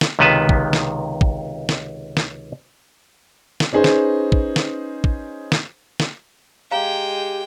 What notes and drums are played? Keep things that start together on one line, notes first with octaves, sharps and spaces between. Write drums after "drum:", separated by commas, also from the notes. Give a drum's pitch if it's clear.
drum: snare
C#2 C3 D#3 B3 B4 A5
drum: kick
drum: snare
drum: kick
drum: snare
drum: snare
drum: snare
C#4 D#4 G#4 B4 C5
drum: snare
drum: kick
drum: snare
drum: kick
drum: snare
drum: snare
G#3 G4 F5 G5 A#5